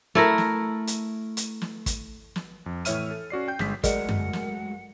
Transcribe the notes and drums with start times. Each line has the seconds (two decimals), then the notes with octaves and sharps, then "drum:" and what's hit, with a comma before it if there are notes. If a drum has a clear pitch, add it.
0.15 A3 E4 A#4
0.38 drum: snare
0.87 drum: hi-hat
1.37 drum: hi-hat
1.61 drum: snare
1.86 drum: kick, hi-hat
2.36 drum: snare
2.66 F2
2.85 A2 E3 C#5 E5 F6 D#7, drum: hi-hat
3.11 A4
3.30 C#4 F#4 D5 C7
3.48 G5 G6
3.59 G1 G#3 B6, drum: snare
3.84 F#3 G#3 A3 G#4 A#4 D5 D#5 F#5, drum: kick, hi-hat
4.09 drum: tom F#2
4.33 drum: snare